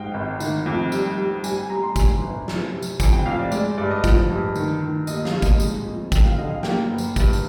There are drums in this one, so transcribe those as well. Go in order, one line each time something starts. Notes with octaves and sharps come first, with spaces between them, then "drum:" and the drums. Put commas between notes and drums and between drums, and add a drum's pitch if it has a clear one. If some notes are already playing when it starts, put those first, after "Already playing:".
Already playing: G#2 D#5 F5 G5
G#1
D#3, drum: tambourine
F2
G3, drum: tambourine
G3
G3 G#5, drum: tambourine
G#5
G3 A#5
C6
G3 G#5, drum: kick, tambourine
G1
F2, drum: snare
C3
drum: tambourine
F2 G#5, drum: kick, tambourine
G5
F2 F5
D5
G#3 D5, drum: tambourine
G2 D5
D#5
F3, drum: kick, tambourine
G2
D#3, drum: tambourine
D#3
D#2 D#5, drum: tambourine
F5, drum: snare
D#2
D#5, drum: kick, tambourine
G#3, drum: tambourine
F2
F2 G5, drum: kick, tambourine
F5
D3 D#5
F5
A#3 G5, drum: snare
G1
drum: tambourine
G2, drum: kick, tambourine
drum: tambourine